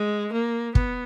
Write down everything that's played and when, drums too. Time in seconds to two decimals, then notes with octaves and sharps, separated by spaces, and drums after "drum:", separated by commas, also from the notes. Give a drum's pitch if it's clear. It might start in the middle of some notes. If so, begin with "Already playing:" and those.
Already playing: G#3
0.32 A#3
0.75 B3, drum: kick